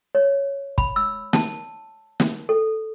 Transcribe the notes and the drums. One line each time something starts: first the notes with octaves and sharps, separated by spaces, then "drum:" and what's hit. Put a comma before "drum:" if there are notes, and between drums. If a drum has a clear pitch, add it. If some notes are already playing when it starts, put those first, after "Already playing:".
C#5
B5, drum: kick
E6
A5, drum: snare
drum: snare
A4